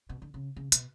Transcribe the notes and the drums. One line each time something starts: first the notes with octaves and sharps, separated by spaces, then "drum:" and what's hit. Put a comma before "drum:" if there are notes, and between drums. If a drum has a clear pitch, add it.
B2
D3
C#3
C#3
B2, drum: hi-hat